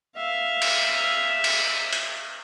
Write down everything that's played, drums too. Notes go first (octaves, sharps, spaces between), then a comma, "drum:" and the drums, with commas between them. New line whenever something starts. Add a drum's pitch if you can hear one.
E5 F5
drum: cymbal
drum: cymbal
drum: hi-hat